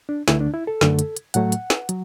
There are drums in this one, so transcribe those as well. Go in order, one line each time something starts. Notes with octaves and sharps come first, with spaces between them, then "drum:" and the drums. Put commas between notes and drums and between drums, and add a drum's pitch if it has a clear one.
D4
D2 D3 A3 E4, drum: snare
D4
E4
A4
F#2 D3 A3, drum: snare
drum: hi-hat
drum: hi-hat
A2 F#3 A3 F#5, drum: hi-hat
drum: hi-hat
drum: snare
F#3, drum: hi-hat